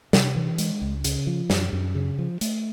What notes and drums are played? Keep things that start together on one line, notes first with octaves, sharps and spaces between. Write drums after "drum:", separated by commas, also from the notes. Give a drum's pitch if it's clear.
C3, drum: snare
E3
G#3, drum: hi-hat
C#2
C#3, drum: hi-hat
F3
F#2, drum: snare
F#2
C#3
F3
A3, drum: hi-hat